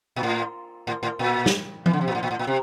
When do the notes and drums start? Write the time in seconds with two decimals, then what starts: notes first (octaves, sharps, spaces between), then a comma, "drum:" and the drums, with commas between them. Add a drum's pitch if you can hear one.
0.16 A#2
0.23 A2
0.87 A2
1.03 A2
1.19 A#2
1.46 drum: snare
1.86 E3, drum: tom F3
1.93 D3
2.01 C3
2.08 A#2
2.15 A2
2.23 A#2
2.31 A2
2.39 A#2
2.47 C3